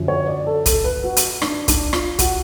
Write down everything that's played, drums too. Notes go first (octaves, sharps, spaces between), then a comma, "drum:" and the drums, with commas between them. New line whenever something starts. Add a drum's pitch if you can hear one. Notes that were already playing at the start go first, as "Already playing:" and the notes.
Already playing: F#2 D3 F3
C#5
D5
A4
A4, drum: kick, hi-hat
B4
F#4
drum: hi-hat
D4, drum: rim click
D4, drum: kick, hi-hat
F4, drum: rim click
F#4, drum: kick, hi-hat